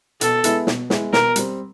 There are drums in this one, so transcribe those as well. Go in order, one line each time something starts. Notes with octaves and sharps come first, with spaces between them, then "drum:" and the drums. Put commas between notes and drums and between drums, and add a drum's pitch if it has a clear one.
B2 A4, drum: hi-hat
G#3 B3 E4, drum: hi-hat
B2, drum: snare
G#3 B3 E4, drum: snare
B2 A#4, drum: snare
G3 C4, drum: hi-hat